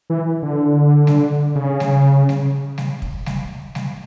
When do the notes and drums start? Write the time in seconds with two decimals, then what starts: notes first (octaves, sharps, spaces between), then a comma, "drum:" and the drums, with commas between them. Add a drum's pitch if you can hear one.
0.10 E3
0.42 D3
1.07 drum: snare G3
1.55 C#3
1.80 drum: snare G3
2.29 drum: snare G3
2.78 drum: snare G3
3.02 drum: kick
3.26 drum: snare G3
3.75 drum: snare G3